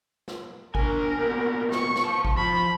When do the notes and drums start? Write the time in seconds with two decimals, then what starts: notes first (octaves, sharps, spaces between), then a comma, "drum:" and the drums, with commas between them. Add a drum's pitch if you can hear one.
0.28 drum: snare
0.75 D4 A#4 G#5, drum: kick G#1
1.18 A#2 B3
1.72 C#6, drum: snare
1.96 drum: snare
2.05 F5 A5
2.25 drum: kick G#1
2.37 F3 F4 B5